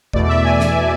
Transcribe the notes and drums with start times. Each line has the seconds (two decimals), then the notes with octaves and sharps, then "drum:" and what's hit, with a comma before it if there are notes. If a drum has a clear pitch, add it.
0.13 E2 B2 A3 D5, drum: kick
0.24 D5
0.28 E5
0.44 G#5
0.60 G#5, drum: snare